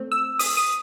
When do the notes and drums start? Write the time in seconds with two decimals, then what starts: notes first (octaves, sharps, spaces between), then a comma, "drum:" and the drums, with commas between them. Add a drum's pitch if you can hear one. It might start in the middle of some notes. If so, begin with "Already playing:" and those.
Already playing: A3 C4
0.12 E6
0.39 D#6, drum: open hi-hat
0.57 D#6